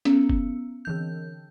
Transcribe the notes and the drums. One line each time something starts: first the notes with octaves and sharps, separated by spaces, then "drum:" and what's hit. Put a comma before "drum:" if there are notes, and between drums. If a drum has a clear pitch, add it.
B3 C#4, drum: hi-hat
drum: kick F1
D3 E3 G6